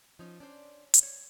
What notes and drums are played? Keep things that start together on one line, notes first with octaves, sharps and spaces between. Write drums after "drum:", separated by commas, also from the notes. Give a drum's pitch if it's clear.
F3 C#4 D#4
C#4 D4 C5
drum: hi-hat
C#5